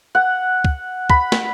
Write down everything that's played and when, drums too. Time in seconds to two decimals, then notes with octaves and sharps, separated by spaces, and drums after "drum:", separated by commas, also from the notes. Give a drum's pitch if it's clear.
0.15 F#5
0.65 drum: kick
1.10 B5, drum: kick
1.32 drum: snare